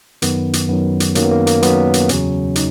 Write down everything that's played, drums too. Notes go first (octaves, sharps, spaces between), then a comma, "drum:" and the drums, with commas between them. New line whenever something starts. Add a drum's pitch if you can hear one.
F#2 D#3 F#3 B3, drum: hi-hat
drum: hi-hat
F#2 D#3 F#3 B3
drum: hi-hat
F#2 D#3 F#3 A#3, drum: hi-hat
B3
A#3
A#3, drum: hi-hat
F#2 D#3 F#3 B3, drum: hi-hat
drum: hi-hat
E2 C#3 F#3 C#4, drum: hi-hat
D#4, drum: hi-hat